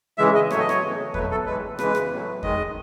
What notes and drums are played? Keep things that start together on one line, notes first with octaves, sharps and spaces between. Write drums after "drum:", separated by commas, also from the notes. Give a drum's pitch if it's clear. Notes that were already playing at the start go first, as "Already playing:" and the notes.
C#3 E3 G#3 E5
D#5
A2 F#3 A3 C#5, drum: rim click
D#5
C#5, drum: rim click
C#3 E3 A3
B2 F#3 A3 B4, drum: kick E2
A4
A2 E3 G#3 B4
C#3 E3 G#3 B4, drum: rim click
drum: rim click
A2 F#3 A3
D#3 G#3 D#5, drum: kick E2